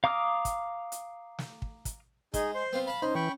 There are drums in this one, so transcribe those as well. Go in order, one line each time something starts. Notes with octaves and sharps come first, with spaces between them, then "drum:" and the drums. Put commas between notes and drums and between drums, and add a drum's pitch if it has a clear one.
F5 A#5 D6 D#6 F6
drum: kick, hi-hat
drum: hi-hat
drum: snare
drum: kick
drum: kick, hi-hat
G#3 D#4 G#4, drum: kick, hi-hat
C5 C6
B3 C4 F4
F5 A5 B5
C#4 D#4 C5
E3 G5 B5 C#6